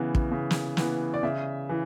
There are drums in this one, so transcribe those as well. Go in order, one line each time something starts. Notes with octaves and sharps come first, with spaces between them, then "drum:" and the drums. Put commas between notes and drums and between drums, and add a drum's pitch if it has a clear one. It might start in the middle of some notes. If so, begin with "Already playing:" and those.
Already playing: C#3 E3 B3
drum: kick
C#3
drum: snare
E3 B3, drum: snare
D5
C#3 E5
E3